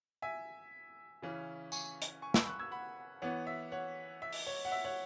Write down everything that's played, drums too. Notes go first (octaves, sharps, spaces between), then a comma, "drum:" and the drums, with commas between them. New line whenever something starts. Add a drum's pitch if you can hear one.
E5 G#5
C#3 E3 C#4
G#5 C#6, drum: tambourine
drum: hi-hat
G#5 C#6
B5 E6, drum: snare
C#6 F#6
E6 G#6
F#5 B5
E3 B3 C#5 F#5
E5
C#5 F#5
E5
drum: open hi-hat
C#5
F#5
E5
C#5 F#5